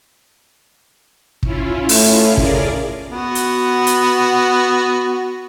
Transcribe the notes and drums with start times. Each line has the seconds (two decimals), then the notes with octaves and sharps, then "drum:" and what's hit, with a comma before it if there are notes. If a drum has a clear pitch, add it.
1.43 C#4 E4 F4, drum: kick
1.89 A2, drum: open hi-hat
2.37 C#3 G#4 A#4 D5, drum: kick
3.10 B3 F#4
3.35 drum: hi-hat
3.87 drum: hi-hat